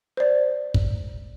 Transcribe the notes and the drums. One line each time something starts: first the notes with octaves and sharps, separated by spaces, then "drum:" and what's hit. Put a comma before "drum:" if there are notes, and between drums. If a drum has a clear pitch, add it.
C5 D5
drum: kick